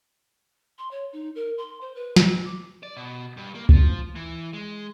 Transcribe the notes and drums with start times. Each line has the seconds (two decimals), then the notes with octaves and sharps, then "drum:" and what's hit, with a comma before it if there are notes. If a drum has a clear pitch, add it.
0.78 C6
0.91 C#5
1.13 D#4
1.35 A#4
1.58 C6
1.81 C5
1.95 B4
2.16 E6, drum: snare
2.45 D6
2.83 D5
2.97 B2
3.37 G2
3.55 A#3
3.69 F3, drum: kick C#2
4.16 E3
4.54 G#3